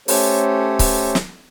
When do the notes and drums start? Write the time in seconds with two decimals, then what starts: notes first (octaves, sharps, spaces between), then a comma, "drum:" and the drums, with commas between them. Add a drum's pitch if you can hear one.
0.08 A3 C#4 G4 A4 C5 C#5, drum: open hi-hat
0.79 drum: kick C#1, open hi-hat
1.15 drum: snare